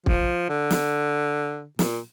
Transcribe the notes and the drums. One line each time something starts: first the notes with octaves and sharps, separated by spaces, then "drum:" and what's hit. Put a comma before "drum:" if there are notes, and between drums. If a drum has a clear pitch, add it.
F3, drum: kick
D3
drum: snare
A#2, drum: snare